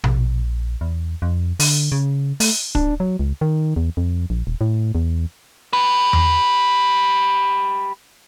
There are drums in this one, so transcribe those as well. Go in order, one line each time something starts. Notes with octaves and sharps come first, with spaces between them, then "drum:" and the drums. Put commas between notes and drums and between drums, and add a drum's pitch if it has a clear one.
A#1, drum: tom B2
E2
F2
D3, drum: open hi-hat
C#3
A3, drum: open hi-hat
D4, drum: kick
F#3
C#2
D#3
E2
F2
A#1
D#1
A2
E2
G4 B4
drum: tom E2